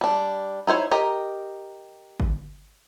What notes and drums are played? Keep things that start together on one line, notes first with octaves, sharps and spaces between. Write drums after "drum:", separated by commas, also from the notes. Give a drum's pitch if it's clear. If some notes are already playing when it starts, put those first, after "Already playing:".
G3 D4
D#4 E4 C5 C#5
G4 A#4 D#5
drum: kick G1